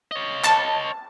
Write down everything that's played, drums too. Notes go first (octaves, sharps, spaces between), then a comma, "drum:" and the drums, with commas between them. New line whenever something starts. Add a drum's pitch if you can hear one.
C#5 D#5
A5, drum: clap